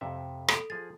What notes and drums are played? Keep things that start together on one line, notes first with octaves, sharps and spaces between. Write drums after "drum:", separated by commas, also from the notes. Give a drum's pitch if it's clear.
F2 C3 E5
A4 B6 D7, drum: rim click
F3 G#4 A6